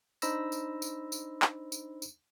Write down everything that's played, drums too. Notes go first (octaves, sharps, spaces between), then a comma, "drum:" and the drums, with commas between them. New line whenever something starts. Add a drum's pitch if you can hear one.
D4 D#4 C5 B5 E6 A#6, drum: tambourine
drum: tambourine
drum: tambourine
drum: tambourine
drum: clap
drum: tambourine
drum: tambourine